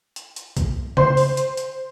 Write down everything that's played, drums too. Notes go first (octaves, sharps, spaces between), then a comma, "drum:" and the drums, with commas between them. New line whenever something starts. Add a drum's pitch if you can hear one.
drum: hi-hat
drum: hi-hat
drum: kick A#1, hi-hat
C5 C6, drum: tom C#3
drum: open hi-hat
drum: hi-hat
drum: hi-hat